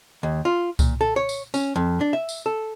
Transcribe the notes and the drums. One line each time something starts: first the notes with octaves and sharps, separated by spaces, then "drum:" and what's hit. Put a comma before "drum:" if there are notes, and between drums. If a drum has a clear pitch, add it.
D#2
F4
A#2, drum: kick C2, tambourine
A4
C#5
drum: tambourine
C#4, drum: tambourine
F2
D4
E5
drum: tambourine
A4